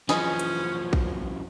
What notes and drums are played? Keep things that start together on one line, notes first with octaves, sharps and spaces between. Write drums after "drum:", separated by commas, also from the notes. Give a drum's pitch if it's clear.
F#2 E3 F3 C#4 G#4 B4 D#5, drum: snare
drum: hi-hat
drum: kick A#1